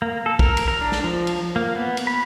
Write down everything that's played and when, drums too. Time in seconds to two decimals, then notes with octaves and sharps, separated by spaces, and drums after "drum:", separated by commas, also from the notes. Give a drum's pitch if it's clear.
0.02 A#3
0.26 A4
0.39 A#4, drum: kick
0.57 drum: cymbal
0.68 A#4
0.81 D4
0.92 drum: snare
1.04 F3
1.27 drum: cymbal
1.56 A#3
1.76 B3
1.97 drum: cymbal
2.07 B5